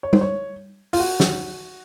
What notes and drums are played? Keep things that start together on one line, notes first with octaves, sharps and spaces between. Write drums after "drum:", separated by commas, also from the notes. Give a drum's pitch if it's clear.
C#5
C5, drum: tom G3
C#5
F4, drum: open hi-hat
F#4
drum: snare